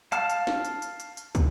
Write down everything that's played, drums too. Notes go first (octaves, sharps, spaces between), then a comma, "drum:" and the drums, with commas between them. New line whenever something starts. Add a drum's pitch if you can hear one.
F5 A5 F6, drum: hi-hat
drum: hi-hat
drum: snare
drum: hi-hat
drum: hi-hat
drum: hi-hat
drum: hi-hat
drum: kick, hi-hat